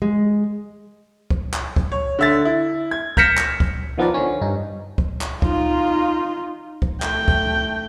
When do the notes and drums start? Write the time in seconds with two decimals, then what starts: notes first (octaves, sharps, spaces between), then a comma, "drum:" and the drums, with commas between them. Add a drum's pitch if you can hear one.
0.02 G#3
1.30 drum: kick
1.53 drum: clap
1.76 drum: kick
1.92 C#5
2.19 D3 E5 A6
2.45 E4
2.91 G#6
3.17 F6 G6 A#6 B6 C#7 E7, drum: kick
3.37 drum: clap
3.60 drum: kick
3.98 D#3 F3 B3 F4 A#4 D5
4.14 D3 F3 C#4
4.41 G2 D#4
4.98 drum: kick
5.21 drum: clap
5.42 D#4 F4, drum: kick
6.82 drum: kick
7.02 A3 G5, drum: clap
7.28 drum: kick